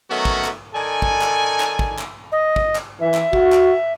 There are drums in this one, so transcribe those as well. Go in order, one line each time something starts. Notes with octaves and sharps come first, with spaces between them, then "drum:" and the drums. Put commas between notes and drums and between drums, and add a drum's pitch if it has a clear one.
D#3 F#3 A3 B3 C#4 F#4
drum: kick
drum: clap
D#3 A4 D5 G#5
drum: kick
drum: clap
drum: clap
drum: kick
drum: clap
D#5
drum: kick
drum: clap
E3 E5
drum: clap
F#4, drum: kick
drum: clap